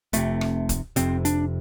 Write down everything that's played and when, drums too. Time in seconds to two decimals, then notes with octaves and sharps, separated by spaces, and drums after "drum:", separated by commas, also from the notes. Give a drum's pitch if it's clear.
0.13 F1 F2 C3 A3, drum: hi-hat
0.41 drum: rim click
0.69 drum: kick, hi-hat
0.96 F1 F2 C3 C4, drum: hi-hat
1.25 D4, drum: hi-hat